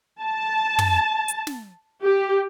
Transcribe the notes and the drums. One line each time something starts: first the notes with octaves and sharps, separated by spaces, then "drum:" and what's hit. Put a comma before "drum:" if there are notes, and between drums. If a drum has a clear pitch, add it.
A5
drum: tom
drum: hi-hat
drum: snare
G4